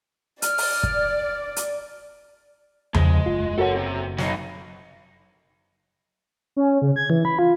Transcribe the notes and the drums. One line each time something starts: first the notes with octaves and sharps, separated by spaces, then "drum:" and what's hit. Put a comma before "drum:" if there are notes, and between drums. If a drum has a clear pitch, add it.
D5 F6, drum: hi-hat
drum: open hi-hat
drum: kick
drum: hi-hat
E2 C#3 F3 G#3, drum: tom E2
F#1 F4
F#4 A4 A#4 C#5 F#5
C3
F#3 D#4 A#6 C7, drum: snare
C#4
C#3
G#6
E3
B5
F4